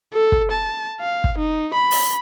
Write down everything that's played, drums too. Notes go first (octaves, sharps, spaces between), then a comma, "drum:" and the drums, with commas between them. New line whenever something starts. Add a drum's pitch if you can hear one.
A4
drum: kick
A5
F5
drum: kick
D#4
B5
drum: open hi-hat